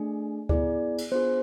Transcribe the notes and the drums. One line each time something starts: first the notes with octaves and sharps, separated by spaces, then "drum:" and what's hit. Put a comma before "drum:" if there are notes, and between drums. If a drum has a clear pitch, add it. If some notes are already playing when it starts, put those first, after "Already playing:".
Already playing: A3 D4 G#4
B3 E4 G#4 D5, drum: kick D2
drum: cymbal
B3 D4 F4 G#4 C5